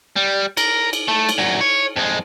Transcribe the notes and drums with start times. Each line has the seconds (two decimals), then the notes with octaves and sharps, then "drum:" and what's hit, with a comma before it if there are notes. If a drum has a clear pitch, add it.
0.16 G3
0.57 A#4, drum: cymbal
0.93 drum: cymbal
1.08 A3
1.29 drum: cymbal
1.38 A#2 F#3
1.61 C#5
1.96 F2 G#3